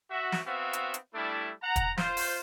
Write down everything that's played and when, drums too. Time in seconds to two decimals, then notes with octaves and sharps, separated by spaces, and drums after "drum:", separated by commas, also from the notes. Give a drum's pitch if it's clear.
0.11 F#4 E5
0.32 drum: snare
0.47 B3 C4 F#4 E5 F5
0.73 drum: hi-hat
0.94 drum: hi-hat
1.14 G3 A3 D4 E4
1.63 F#5 A#5
1.76 drum: kick, hi-hat
1.98 F4 C5, drum: snare
2.17 drum: open hi-hat